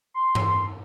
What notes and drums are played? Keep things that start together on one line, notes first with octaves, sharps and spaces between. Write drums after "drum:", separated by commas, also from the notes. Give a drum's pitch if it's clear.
C6
drum: tom G2